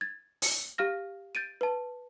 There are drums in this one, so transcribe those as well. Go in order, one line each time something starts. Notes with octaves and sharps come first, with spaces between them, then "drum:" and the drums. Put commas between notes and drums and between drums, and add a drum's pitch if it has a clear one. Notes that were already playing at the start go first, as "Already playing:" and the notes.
G#6 A6
drum: open hi-hat
G4 F5 F6 A#6
G6 A6 D7 D#7
B4 A5